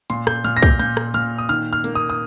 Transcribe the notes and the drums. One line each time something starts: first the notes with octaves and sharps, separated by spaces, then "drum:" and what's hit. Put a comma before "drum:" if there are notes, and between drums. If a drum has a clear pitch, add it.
A#2 C6, drum: hi-hat
G6, drum: rim click
A#2 F6, drum: hi-hat
A#6
G6, drum: kick, hi-hat
A#2 G6, drum: hi-hat
drum: rim click
A#2 F6, drum: hi-hat
D#6
D#3 F6, drum: hi-hat
F6
A#3, drum: hi-hat
D#6
D#6